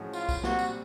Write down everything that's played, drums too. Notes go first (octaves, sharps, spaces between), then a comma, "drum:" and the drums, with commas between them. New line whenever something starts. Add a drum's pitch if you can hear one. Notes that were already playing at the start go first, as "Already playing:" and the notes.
Already playing: A2 F3 G#3 C#4 F#4
F4, drum: tambourine
drum: kick B1, tambourine
A#2 G3 C4 F#4, drum: snare
drum: tambourine